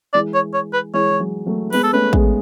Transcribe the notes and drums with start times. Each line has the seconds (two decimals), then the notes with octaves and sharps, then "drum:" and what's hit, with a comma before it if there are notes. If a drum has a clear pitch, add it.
0.14 E3 G#3 D5
0.34 C#5
0.53 C#5
0.73 B4
0.94 E3 G#3 C#5
1.09 E3
1.20 F#3
1.46 F#3 A3
1.73 G#3 B3 B4, drum: open hi-hat
1.83 A4
1.93 A3 C#4 B4
2.13 G#3 B3, drum: kick